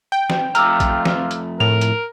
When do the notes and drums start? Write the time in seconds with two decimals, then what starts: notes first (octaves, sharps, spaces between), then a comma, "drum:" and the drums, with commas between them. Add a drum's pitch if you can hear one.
0.12 G5
0.30 drum: snare
0.55 F2 A3 F4 A#5 D6 E6 F6, drum: hi-hat
0.80 drum: kick, hi-hat
1.05 drum: snare
1.31 drum: hi-hat
1.60 A2 A#4 F7
1.81 drum: hi-hat